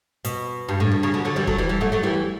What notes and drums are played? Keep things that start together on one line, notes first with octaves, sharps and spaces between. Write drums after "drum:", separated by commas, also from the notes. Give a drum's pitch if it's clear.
B2, drum: hi-hat
G2
A2
B2
C#3
B2 D3
D3 F#3
E3 G3
F#3 A3, drum: kick E1
E3 G3
E3 G3
F#3 A3
F#3 A3
E3 G3